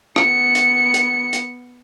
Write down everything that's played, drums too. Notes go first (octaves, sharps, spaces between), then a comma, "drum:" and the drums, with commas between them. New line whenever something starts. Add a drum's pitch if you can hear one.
B3 C#7, drum: rim click
drum: hi-hat
drum: hi-hat
drum: hi-hat